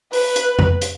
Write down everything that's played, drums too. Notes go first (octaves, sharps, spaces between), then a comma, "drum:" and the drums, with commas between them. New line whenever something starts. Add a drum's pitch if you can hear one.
B4, drum: open hi-hat
drum: hi-hat
drum: tom F2
drum: hi-hat